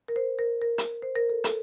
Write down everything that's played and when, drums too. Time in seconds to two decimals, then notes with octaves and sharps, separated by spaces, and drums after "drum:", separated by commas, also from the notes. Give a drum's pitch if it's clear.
0.08 A#4
0.16 C5
0.39 A#4
0.61 A#4
0.78 drum: hi-hat
1.02 C5
1.16 A#4
1.30 A4
1.44 A4, drum: hi-hat